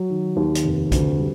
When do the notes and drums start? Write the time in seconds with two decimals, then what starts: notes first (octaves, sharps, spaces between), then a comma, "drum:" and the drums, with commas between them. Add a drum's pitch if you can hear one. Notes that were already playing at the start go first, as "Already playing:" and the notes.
Already playing: F#3
0.10 D#3
0.36 D#2
0.55 drum: hi-hat
0.65 F1
0.92 D2, drum: kick, hi-hat
1.19 G3